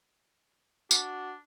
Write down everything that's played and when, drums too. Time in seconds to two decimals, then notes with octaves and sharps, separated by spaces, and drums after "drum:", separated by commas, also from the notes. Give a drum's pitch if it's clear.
0.91 D4 F#4, drum: tambourine